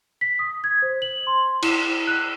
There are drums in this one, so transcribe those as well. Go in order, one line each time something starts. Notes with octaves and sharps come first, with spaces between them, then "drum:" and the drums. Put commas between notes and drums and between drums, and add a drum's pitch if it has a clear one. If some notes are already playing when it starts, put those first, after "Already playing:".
B6
D#6
G#6
C5
F#7
C6
E4, drum: cymbal
F#6